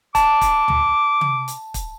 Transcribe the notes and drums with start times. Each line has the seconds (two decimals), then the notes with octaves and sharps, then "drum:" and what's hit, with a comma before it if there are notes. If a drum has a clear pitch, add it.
0.15 A5 D6, drum: kick, hi-hat
0.41 drum: kick, hi-hat
0.68 drum: tom
1.21 drum: tom
1.48 drum: hi-hat
1.74 drum: kick, hi-hat